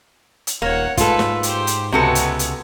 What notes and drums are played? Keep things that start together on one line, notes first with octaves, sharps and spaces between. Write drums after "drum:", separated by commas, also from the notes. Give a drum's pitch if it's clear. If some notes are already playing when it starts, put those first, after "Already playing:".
drum: hi-hat
D#1 A#3 C#5 F#5
G#2 A3 F4 A4 B4, drum: kick, hi-hat
drum: snare
G4 C5, drum: hi-hat
drum: hi-hat
C#2 C3 G#3 B3 F#4 A4
drum: hi-hat
drum: hi-hat